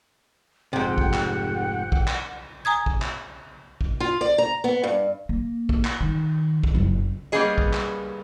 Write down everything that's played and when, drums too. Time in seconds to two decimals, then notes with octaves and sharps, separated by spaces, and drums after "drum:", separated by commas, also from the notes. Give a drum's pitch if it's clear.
0.73 F1 G#2 C3 F#5 G5
0.98 drum: kick
1.13 drum: clap
1.92 drum: kick
2.08 drum: clap
2.65 G#5 A#5 D#6 G#6
2.86 drum: kick
3.02 drum: clap
3.81 drum: kick
4.00 F4
4.21 D5
4.38 A#5
4.64 B3
4.83 G2
5.29 A#3
5.69 drum: kick
5.85 drum: clap
6.01 D#3
6.63 drum: kick
6.75 F#1 F#2
7.32 G3 A#3 B3 C#4 G#4 D#5
7.58 drum: kick
7.73 drum: clap